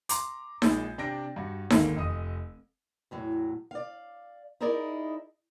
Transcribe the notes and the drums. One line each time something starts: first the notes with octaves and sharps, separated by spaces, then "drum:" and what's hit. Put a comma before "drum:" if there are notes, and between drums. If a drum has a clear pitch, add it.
A#5 C6 D6, drum: hi-hat
A#1 G#3 G6 A6, drum: snare D#4
C3 D4 G5 A#6 D7
G2 F#4
G#1 D#2 D3 A#3, drum: snare D#4
F1 D#5 D#6
E2 A2 F#3
D5 F5
D#4 E4 G#4 A#4 D5 D#5